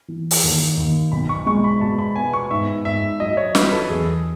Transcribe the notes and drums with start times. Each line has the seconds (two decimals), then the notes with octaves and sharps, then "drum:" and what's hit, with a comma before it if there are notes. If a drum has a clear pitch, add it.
0.08 E3
0.31 drum: open hi-hat
0.43 D#2
0.77 D#2
1.12 B1 B5
1.29 C#6
1.46 G#3 C#6
1.64 B5
1.81 B2 A5
1.99 B5
2.16 B3 G#5
2.33 C#6
2.51 G#2 E5
2.85 G#2 E5
3.20 F#3 D#5
3.37 C#5
3.55 F#3 B4, drum: snare
3.72 A4
3.89 E2 G#4